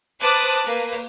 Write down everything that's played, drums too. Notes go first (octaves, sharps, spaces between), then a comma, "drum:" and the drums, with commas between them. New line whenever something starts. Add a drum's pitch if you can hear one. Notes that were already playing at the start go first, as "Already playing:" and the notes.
B4 C5 A5 D6 D#6 F#6, drum: hi-hat
A#3 B4
drum: open hi-hat